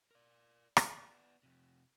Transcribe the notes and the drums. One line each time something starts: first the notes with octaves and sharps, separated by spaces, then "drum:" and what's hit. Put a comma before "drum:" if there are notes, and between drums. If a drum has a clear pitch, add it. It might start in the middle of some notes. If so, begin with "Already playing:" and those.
A#4 D5
drum: rim click
B3 D5
F2 C3